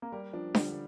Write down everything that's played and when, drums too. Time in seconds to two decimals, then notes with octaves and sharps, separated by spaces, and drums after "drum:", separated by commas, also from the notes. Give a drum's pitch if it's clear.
0.02 A#3
0.12 G3 A#4
0.33 F3 D4
0.55 D3 G3, drum: snare D4